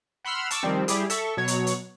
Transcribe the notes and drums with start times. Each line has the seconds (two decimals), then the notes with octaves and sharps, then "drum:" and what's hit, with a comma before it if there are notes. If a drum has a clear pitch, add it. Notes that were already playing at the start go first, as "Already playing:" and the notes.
0.25 F#5 B5 C6 E6 F6
0.51 A5 C#6 D6 E6, drum: hi-hat
0.63 D#3 F3 G3 C4
0.88 G3 E4 G4 G#4, drum: hi-hat
1.10 A4 E5 C#6, drum: hi-hat
1.37 B2 F#3 C#5
1.48 drum: hi-hat
1.67 drum: hi-hat